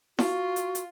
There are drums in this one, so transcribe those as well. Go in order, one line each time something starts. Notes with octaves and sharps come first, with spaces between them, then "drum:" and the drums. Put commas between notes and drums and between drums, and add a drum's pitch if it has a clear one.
F4 F#4, drum: snare E4
drum: hi-hat
drum: hi-hat